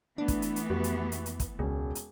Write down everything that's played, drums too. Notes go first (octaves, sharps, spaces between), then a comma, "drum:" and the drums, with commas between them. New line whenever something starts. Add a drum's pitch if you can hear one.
E3 A3 B3 D4
drum: kick, hi-hat
drum: hi-hat
drum: hi-hat
F2 F#4 G4 B4
drum: hi-hat
drum: hi-hat
drum: hi-hat
drum: kick, hi-hat
E1 C#2 C#4
drum: hi-hat